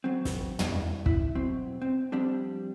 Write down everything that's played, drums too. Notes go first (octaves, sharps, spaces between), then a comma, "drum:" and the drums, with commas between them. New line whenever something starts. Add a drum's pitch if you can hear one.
F#3 C4
drum: snare
drum: tom
C2
E4, drum: kick
B2 F#3 C4
C4
F3 G3 C4 D4